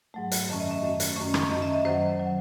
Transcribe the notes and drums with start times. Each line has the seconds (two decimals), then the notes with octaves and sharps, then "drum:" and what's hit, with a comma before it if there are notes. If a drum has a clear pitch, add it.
0.14 G#2 F#3 A3
0.31 drum: hi-hat
0.49 F#2 D#3 A3 C#4 E5
0.60 D#5
0.71 E5
0.83 F#2 D#3 A3 C#4
1.00 drum: hi-hat
1.16 F#2 D#3 A3 C#4
1.34 drum: rim click
1.51 F#2 D#3 A3 C#4 D#5
1.62 E5
1.73 D#5
1.85 F#2 D#3 F#3 C5
2.19 D#3 F#3